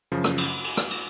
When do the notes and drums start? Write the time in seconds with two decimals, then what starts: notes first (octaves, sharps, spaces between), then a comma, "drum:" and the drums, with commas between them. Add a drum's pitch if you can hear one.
0.12 F#2 C#3 F3
0.24 drum: rim click
0.38 drum: cymbal
0.64 drum: cymbal
0.77 drum: rim click
0.91 drum: cymbal